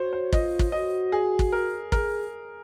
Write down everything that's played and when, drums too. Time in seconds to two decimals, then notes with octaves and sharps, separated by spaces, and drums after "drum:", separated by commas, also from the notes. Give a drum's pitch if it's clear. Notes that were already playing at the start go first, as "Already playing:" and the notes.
Already playing: F#4 C5 C#5
0.13 C5
0.33 F4 D#5, drum: kick
0.59 drum: kick
0.72 F#4 D#5
1.12 G#4
1.39 drum: kick
1.52 A#4
1.92 G#4 A#4, drum: kick